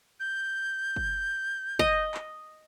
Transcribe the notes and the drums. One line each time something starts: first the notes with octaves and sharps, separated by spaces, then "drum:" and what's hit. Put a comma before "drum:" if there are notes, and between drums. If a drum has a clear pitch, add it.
G6
drum: kick
D#5, drum: kick
drum: clap